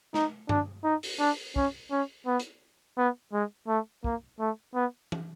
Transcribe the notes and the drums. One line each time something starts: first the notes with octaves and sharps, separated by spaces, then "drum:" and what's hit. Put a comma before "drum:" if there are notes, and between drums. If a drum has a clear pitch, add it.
D#4, drum: snare
D4, drum: tom G2
D#4
drum: open hi-hat
D4
C#4, drum: kick
C#4
B3
drum: hi-hat
B3
G#3
A3
A#3, drum: kick
A3
B3
drum: tom E3